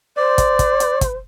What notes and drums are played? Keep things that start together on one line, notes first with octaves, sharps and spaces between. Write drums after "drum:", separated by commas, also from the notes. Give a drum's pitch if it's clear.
C5 D5
drum: kick, hi-hat
drum: kick, hi-hat
drum: hi-hat
drum: kick, hi-hat